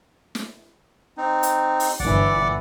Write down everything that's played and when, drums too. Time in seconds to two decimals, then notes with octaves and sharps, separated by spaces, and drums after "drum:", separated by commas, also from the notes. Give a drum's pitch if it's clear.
0.35 drum: snare
1.18 C4 D#4
1.43 drum: hi-hat
1.80 drum: open hi-hat
2.00 G1 E3 D5 F#5 D6, drum: kick